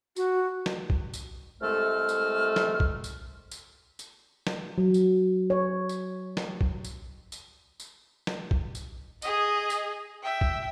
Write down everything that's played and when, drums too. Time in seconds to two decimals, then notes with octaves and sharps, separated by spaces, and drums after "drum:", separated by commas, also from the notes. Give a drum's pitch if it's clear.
0.16 F#4, drum: tambourine
0.66 drum: snare
0.90 drum: kick
1.14 drum: tambourine
1.61 C2 G#3 A3 A4 F6
2.09 drum: tambourine
2.56 drum: snare
2.80 drum: kick
3.04 drum: tambourine
3.51 drum: tambourine
3.99 drum: tambourine
4.47 drum: snare
4.78 F#3
4.94 drum: tambourine
5.50 C#5
5.89 drum: tambourine
6.37 drum: snare
6.61 drum: kick
6.84 drum: tambourine
7.32 drum: tambourine
7.80 drum: tambourine
8.27 drum: snare
8.51 drum: kick
8.75 drum: tambourine
9.22 G#4 D#5, drum: tambourine
9.70 drum: tambourine
10.23 E5 G5
10.41 drum: kick